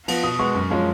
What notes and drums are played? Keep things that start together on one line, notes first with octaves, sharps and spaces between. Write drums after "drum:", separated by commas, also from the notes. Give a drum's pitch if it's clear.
F3 B3, drum: cymbal
B2 D#6
G#3 B3 C#6
F#2
F3 G#3 C#4